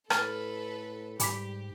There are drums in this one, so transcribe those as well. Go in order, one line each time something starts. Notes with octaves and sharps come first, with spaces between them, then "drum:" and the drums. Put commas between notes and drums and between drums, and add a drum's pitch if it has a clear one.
A2 A4 B4 F6 A6, drum: rim click
G#2 G3 G4 B5 D6 B6, drum: hi-hat